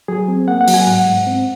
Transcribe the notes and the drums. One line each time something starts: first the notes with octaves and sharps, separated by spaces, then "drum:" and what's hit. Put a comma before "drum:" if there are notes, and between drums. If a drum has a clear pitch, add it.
F#3 G#4
C4
A#3 F#5
F#5
F#3, drum: open hi-hat
G#5
G#2 F#5
G#2
C4